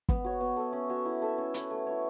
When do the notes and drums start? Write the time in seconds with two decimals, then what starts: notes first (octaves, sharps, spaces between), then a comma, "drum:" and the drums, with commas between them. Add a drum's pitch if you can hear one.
0.09 B3, drum: kick G1
0.24 F#4 C#5
0.40 B3
0.57 A4 E5
0.73 C#4
0.89 F#4 C#5 E5
1.05 E4
1.22 A4 E5
1.38 C#4
1.54 E4 B4, drum: hi-hat
1.71 A3
1.86 E4 C#5